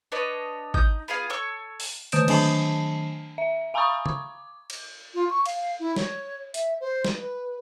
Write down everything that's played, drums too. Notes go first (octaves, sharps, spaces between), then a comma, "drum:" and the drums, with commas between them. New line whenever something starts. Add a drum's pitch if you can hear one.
D4 B4 C#5 D#5
D#4 D#6 G6, drum: kick
B3 F4 G#4 F5
A4 C#5 C#6 E6
drum: open hi-hat
D3 D#3 D#6 G6 D7 E7, drum: hi-hat
D#3 F#3 D4 G#5 A5 C7, drum: cymbal
E5
F5 G#5 A#5 B5 C#6 D#6
D6, drum: tom
drum: cymbal
F4
C#6
F5, drum: cymbal
E4
C#5, drum: snare
E5, drum: hi-hat
C5
drum: snare
B4